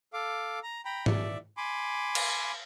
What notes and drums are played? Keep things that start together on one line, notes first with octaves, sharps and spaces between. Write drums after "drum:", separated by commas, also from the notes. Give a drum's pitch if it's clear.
A4 F5 D6
A#5
G5 A#5 B5
D5 E5, drum: tom G#2
G#5 B5 C6 D6
drum: cymbal